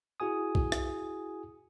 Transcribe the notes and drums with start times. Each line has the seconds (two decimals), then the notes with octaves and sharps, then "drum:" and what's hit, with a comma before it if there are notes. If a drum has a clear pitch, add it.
0.20 E4 F#4 G#4 G#5 D#6
0.55 drum: kick B1
0.72 drum: rim click